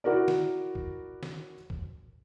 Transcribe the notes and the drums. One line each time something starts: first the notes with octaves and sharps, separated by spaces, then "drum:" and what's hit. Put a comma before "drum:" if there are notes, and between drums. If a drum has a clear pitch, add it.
E4 F#4 A#4 D5
drum: snare
drum: kick
drum: snare
drum: kick